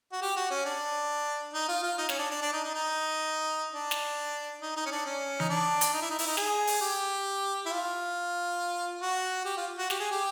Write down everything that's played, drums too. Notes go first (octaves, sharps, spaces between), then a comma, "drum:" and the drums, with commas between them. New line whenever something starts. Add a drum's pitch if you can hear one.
F#4
G4
F#4
C#4
D4
D#4
F4
F4
D#4
C#4, drum: snare
D4
D4
D4
D#4
D#4
D#4
D4
drum: snare
D#4
D#4
C#4
D4
C#4
D#4, drum: tom E3
D4
drum: hi-hat
D#4
E4
D#4
E4, drum: open hi-hat
D#4
G#4, drum: snare
drum: open hi-hat
G4
E4
F4
F#4
G4
F4
F#4
G4, drum: snare
G#4
G4